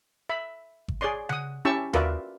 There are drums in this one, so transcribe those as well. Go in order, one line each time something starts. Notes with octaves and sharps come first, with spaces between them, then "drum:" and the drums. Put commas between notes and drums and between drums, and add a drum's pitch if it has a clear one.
E5 B5
drum: kick G#1
G#4 C#5 D5 C6
F#5 D#6, drum: tom C#3
C#4 E4 G4 A5 C#6 E6
F4 F#4 A#4 B4 D5 E5, drum: tom D#2